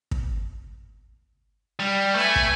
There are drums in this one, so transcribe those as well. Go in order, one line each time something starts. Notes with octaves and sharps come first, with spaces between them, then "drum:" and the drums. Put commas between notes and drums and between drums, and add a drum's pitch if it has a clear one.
drum: kick
G3
A3 B4 G#5
drum: kick